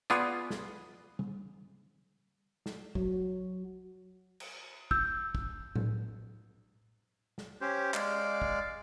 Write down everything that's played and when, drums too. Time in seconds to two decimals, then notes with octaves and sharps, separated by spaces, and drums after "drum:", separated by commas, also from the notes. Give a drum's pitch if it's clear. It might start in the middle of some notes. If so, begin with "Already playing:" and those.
0.10 B3 F4 G#4 D5, drum: hi-hat
0.50 drum: snare
1.19 drum: tom G3
2.66 drum: snare
2.95 F#3, drum: kick
4.40 drum: cymbal
4.91 E6 G6, drum: kick
5.35 drum: kick
5.75 drum: tom A2
7.38 drum: snare
7.61 C#4 G4 C5
7.94 G#3 D5 F5, drum: clap
8.42 drum: kick